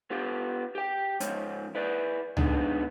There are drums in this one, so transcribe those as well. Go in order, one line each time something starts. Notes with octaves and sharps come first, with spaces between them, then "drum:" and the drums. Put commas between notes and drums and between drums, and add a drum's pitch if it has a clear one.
B3 F4 G4
G4 G5
G#2 F3 C#4, drum: hi-hat
E4 B4 D5
G#3 B3 D4 D#4 G#4, drum: tom C#2